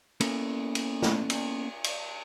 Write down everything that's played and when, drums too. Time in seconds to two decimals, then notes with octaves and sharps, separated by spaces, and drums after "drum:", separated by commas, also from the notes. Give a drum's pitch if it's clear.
0.20 A#3 B3 C#4 E4 A4 A#4, drum: cymbal
0.75 drum: cymbal
1.02 drum: snare
1.30 drum: cymbal
1.84 drum: cymbal